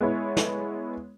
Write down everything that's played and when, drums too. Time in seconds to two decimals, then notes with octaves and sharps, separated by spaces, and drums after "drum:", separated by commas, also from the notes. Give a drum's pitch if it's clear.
0.01 G#3 B3 E4 C#5
0.37 drum: snare